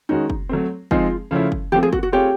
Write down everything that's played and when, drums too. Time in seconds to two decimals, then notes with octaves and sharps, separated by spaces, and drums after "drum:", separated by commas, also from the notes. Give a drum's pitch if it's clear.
0.09 D#3 G#3 C#4 D#4 F#4
0.30 drum: kick
0.49 F#3 A3 C4
0.91 F3 G#3 C4 D#4 F4 G#4, drum: kick
1.31 C#3 F3 A3 C#4 E4
1.52 drum: kick
1.72 F3 A3 C4 G4
1.83 G#4
1.93 F#4, drum: kick
2.03 F#4
2.12 A3 C4 F4 G4 G#4 C#5